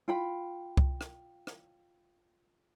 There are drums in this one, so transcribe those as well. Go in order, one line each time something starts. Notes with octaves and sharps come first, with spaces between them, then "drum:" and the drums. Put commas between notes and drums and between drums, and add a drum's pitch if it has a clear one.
F4 G5 B5
drum: kick C2
drum: rim click
drum: rim click